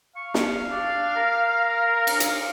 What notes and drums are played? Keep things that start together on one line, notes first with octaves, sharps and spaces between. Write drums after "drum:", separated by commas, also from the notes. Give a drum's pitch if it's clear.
F5 C#6
drum: snare
D4
A#4
drum: cymbal
drum: hi-hat